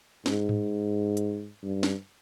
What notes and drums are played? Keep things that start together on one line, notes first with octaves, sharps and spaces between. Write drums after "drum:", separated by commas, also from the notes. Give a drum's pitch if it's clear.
G#2, drum: snare
drum: tom G#2
drum: hi-hat
G2
drum: snare